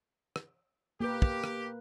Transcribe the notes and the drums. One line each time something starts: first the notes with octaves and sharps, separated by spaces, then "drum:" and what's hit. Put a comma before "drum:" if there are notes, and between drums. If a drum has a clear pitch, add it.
drum: rim click
A#3 G4 A#4 B4
drum: kick
drum: rim click